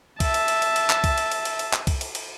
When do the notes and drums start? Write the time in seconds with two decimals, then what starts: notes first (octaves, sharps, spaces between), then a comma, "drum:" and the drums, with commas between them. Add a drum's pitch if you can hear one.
0.20 E5 A5, drum: kick C2, cymbal
0.34 drum: cymbal
0.48 drum: cymbal
0.62 drum: cymbal
0.76 drum: cymbal
0.90 drum: clap
1.04 drum: kick C2, cymbal
1.18 drum: cymbal
1.32 drum: cymbal
1.45 drum: cymbal
1.59 drum: cymbal
1.73 drum: clap
1.87 drum: kick C2, cymbal
2.01 drum: cymbal
2.15 drum: cymbal